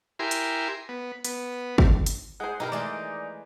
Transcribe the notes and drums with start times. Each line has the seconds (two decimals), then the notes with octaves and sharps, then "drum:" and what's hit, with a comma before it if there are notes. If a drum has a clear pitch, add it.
0.19 E4 G4 A#4 G#5 C6
0.31 drum: hi-hat
0.89 B3
1.25 B3, drum: hi-hat
1.78 drum: kick
2.06 drum: hi-hat
2.40 G#3 G#4 C5 F#5
2.60 B2 G3 D#4 G4 A#4
2.72 E3 G#3 A3 D#4 A#4 D5 D6